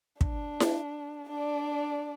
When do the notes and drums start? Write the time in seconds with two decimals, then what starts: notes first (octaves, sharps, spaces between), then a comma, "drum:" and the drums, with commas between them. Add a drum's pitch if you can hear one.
0.21 D4, drum: kick
0.60 drum: snare E4
1.29 D4 D5